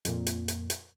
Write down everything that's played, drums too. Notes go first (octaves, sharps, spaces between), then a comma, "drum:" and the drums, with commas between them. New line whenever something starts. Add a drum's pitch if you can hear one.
F2 A#2, drum: hi-hat
drum: hi-hat
drum: hi-hat
drum: hi-hat